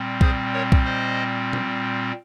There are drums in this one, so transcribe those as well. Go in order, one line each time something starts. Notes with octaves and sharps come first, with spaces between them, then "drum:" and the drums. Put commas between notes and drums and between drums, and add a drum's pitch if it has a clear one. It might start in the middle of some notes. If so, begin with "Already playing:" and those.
Already playing: A#2 G3 C4
G#4 C5, drum: kick B1
A#4 C#5
drum: kick B1
C5 D#5
drum: tom A#2